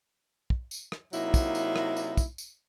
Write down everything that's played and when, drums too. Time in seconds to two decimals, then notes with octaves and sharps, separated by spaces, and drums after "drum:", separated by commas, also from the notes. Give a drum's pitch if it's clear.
0.50 drum: kick
0.71 drum: tambourine
0.92 drum: rim click
1.13 C3 F#3 A#3 D#4 E4, drum: tambourine
1.34 drum: kick, tambourine
1.55 drum: tambourine
1.76 drum: rim click
1.97 drum: tambourine
2.17 drum: kick, tambourine
2.38 drum: tambourine